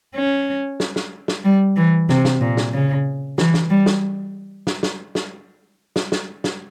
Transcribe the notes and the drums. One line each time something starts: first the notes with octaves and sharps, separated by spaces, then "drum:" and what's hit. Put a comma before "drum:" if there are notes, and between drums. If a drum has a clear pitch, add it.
C#4
drum: snare
drum: snare
drum: snare
G3
E3
C3, drum: snare
drum: snare
A#2
drum: snare
C#3
E3, drum: snare
drum: snare
G3
drum: snare
drum: snare
drum: snare
drum: snare
drum: snare
drum: snare
drum: snare